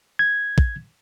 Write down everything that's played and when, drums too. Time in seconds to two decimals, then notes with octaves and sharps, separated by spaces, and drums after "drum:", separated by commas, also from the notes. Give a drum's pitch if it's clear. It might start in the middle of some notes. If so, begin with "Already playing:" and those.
0.19 G#6
0.58 drum: kick